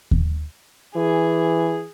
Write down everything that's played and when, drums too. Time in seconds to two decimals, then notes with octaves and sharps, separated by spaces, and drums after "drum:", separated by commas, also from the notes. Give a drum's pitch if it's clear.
0.11 drum: kick D#2
0.96 E3 G#4